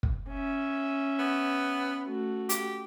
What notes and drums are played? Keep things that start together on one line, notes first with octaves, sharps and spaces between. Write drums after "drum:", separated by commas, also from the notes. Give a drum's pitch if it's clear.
drum: kick
C#4 E5
B3
A3 F#4
G4, drum: hi-hat